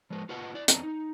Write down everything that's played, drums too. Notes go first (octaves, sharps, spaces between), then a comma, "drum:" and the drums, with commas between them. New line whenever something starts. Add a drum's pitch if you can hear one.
F3 G#3 B4
F4 F#4 B4 D#5 F#5
E4 D5
F2 B3 C4 D4 D#5 A#5, drum: hi-hat
D#4